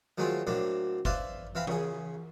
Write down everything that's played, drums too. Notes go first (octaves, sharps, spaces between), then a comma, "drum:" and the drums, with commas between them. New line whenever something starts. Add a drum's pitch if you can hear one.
D#3 F#3 G#3 A3 C4 F4
A2 F#3 A#3 C4 D4
E4 B4 C5 D5 E5 F5, drum: kick F#1
E3 C4 F5 B5
C#3 G#4, drum: tom E3